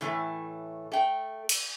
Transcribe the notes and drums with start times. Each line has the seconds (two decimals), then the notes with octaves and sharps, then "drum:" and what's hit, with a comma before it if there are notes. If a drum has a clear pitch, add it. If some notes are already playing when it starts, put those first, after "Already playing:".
0.01 A2 E3 A3
0.92 A3 G5
1.49 drum: cymbal